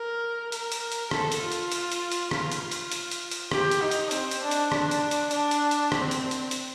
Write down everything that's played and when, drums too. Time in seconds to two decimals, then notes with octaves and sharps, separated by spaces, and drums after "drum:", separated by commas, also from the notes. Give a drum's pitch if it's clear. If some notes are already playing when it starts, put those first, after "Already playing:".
Already playing: A#4
0.52 A#4, drum: hi-hat
0.72 drum: hi-hat
0.92 drum: hi-hat
1.11 A4, drum: rim click
1.32 drum: hi-hat
1.42 F4
1.52 drum: hi-hat
1.72 drum: hi-hat
1.92 drum: hi-hat
2.12 drum: hi-hat
2.31 F4, drum: rim click
2.52 drum: hi-hat
2.72 drum: hi-hat
2.91 drum: hi-hat
3.11 drum: hi-hat
3.31 drum: hi-hat
3.51 G4, drum: rim click
3.71 drum: hi-hat
3.81 D#4
3.91 drum: hi-hat
4.11 C4, drum: hi-hat
4.31 drum: hi-hat
4.42 D4
4.51 drum: hi-hat
4.72 D4, drum: rim click
4.91 drum: hi-hat
5.11 drum: hi-hat
5.31 D4, drum: hi-hat
5.51 drum: hi-hat
5.71 drum: hi-hat
5.92 C4, drum: rim click
6.11 drum: hi-hat
6.31 drum: hi-hat
6.51 drum: hi-hat